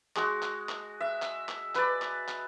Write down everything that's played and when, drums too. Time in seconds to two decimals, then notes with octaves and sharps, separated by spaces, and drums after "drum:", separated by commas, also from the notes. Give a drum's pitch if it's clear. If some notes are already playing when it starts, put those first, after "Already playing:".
0.16 G#3 F#4, drum: clap
0.42 drum: clap
0.69 drum: clap
1.00 E5
1.22 drum: clap
1.49 drum: clap
1.75 B4 D5, drum: clap
2.02 drum: clap
2.28 drum: clap